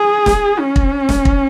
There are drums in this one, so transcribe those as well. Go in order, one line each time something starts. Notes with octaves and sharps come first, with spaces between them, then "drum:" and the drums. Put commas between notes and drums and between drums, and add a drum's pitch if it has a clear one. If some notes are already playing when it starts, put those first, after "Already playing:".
Already playing: G#4
drum: snare
C#4
drum: kick
drum: snare
drum: kick